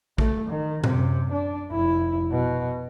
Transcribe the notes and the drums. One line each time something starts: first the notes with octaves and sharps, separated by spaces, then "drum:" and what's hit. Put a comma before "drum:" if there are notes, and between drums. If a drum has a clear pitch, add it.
A3, drum: kick
D#3
F#2 C3, drum: tom A2
D4
F1 E4
B2